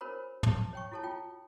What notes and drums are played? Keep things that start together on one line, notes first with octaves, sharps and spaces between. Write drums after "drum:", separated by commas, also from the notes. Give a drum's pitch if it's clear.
D4 F#4 A#4 C5 C#5 B5
A5, drum: tom
C#5 G5 C#6
E4 F#4 A4 C#5 A5
F4 G5